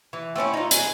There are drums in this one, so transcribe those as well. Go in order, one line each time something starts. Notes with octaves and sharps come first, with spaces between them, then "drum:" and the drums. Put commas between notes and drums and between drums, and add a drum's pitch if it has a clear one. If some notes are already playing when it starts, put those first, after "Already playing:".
E3
A3 C4 C#4 E4
D#4 F4
G#4 B4, drum: hi-hat